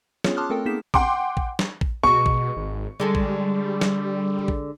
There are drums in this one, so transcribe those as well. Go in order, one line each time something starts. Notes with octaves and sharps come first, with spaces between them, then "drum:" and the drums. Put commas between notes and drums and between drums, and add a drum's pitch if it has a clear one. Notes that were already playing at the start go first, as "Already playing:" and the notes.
B3 C#4 F4 G#4 C#5, drum: snare
A5 C6 D6 D#6 F6 F#6
A3 C4 A4 A#4 G5
A#3 B3 D#4 G#4 B6 E7
F#5 G5 C6 D6, drum: kick A#1
drum: kick A#1
drum: snare
drum: kick A#1
B2 G#3 F#4 C#6
drum: kick A#1
G#1
D3 G3 G#3 A4
drum: kick A#1
drum: snare
drum: kick A#1